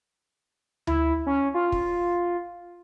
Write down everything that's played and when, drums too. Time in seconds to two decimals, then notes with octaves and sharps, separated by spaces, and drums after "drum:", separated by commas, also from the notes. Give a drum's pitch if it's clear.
0.87 E4, drum: tom D2
1.26 C#4
1.54 F4
1.72 drum: kick